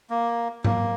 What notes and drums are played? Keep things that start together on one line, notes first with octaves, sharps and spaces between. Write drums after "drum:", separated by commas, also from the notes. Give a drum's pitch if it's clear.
A#3
A#3, drum: tom G#2